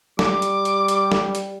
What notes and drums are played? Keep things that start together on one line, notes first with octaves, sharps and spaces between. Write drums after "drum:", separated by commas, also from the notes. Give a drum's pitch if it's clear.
G3 D6, drum: snare
drum: hi-hat
drum: hi-hat
drum: hi-hat
drum: snare
drum: hi-hat